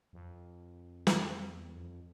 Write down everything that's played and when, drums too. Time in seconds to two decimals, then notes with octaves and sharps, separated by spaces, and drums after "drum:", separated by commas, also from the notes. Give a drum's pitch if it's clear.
0.13 F2
1.07 drum: snare
1.53 E2
1.76 F2